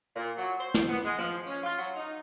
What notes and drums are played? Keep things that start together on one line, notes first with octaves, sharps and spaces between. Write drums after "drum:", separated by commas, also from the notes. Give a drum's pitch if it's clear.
A#2
F#3
C5
drum: snare
B3
G#3
F3, drum: hi-hat
C#4
F4
F#3
D#4